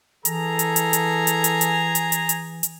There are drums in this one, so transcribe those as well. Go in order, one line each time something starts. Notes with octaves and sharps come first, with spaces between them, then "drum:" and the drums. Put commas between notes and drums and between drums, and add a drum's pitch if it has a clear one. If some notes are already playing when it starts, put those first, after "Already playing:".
E3 G#4 A4 G#5 A#5, drum: hi-hat
drum: hi-hat
drum: hi-hat
drum: hi-hat
drum: hi-hat
drum: hi-hat
drum: hi-hat
drum: hi-hat
drum: hi-hat
drum: hi-hat
drum: hi-hat